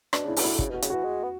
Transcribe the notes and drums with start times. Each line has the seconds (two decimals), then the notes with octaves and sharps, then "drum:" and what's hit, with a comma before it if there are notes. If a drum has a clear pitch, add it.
0.13 B2 D4, drum: rim click
0.25 C#3
0.28 E4
0.37 C#3 F#4, drum: open hi-hat
0.44 D3 E4
0.59 C#3, drum: kick
0.70 B2 F#4
0.82 C#3, drum: hi-hat
0.90 E3 F#4
1.04 G#3
1.23 B3